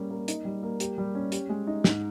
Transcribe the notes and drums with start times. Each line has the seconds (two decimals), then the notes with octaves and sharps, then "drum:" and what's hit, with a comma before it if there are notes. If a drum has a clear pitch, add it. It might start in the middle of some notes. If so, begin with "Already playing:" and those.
Already playing: G3 A#3 C#4
0.10 A#3
0.28 D#4, drum: hi-hat
0.45 G3
0.63 A#3
0.80 G4, drum: hi-hat
0.98 G3
1.15 C#4
1.32 G4, drum: hi-hat
1.49 G#3
1.67 D#4
1.84 G#2, drum: snare